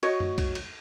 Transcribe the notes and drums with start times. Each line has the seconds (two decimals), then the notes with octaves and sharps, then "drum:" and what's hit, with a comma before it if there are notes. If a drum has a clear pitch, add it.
0.03 F#4 C#5 D#5, drum: cymbal
0.20 drum: tom F#2
0.38 drum: kick, cymbal
0.55 drum: cymbal